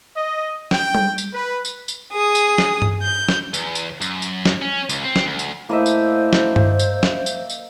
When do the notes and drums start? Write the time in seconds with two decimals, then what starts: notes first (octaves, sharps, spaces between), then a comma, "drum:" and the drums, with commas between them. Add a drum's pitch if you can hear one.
0.16 D#5
0.71 G5, drum: snare
0.95 drum: tom G3
1.18 drum: tambourine
1.33 B4
1.65 drum: tambourine
1.88 drum: tambourine
2.12 G#4 D#6
2.35 drum: tambourine
2.58 drum: snare
2.82 drum: tom G2
3.01 G6
3.29 drum: snare
3.54 E2, drum: tambourine
3.75 drum: tambourine
4.02 F#2, drum: tambourine
4.22 drum: tambourine
4.45 drum: snare
4.62 C#4
4.89 C#2, drum: tambourine
5.04 C4
5.16 drum: snare
5.26 D2
5.39 drum: tambourine
5.69 A2 A#3 C5 D#5 E5
5.86 drum: tambourine
6.33 drum: snare
6.56 drum: tom G2
6.79 drum: tambourine
7.03 drum: snare
7.26 drum: tambourine
7.50 drum: tambourine